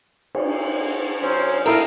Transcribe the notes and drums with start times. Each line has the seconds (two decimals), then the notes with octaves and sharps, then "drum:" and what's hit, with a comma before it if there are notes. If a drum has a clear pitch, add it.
0.35 drum: cymbal
1.22 F#3 C#4 C5
1.66 E4 A4 A#4 D#5 F5 G5, drum: cymbal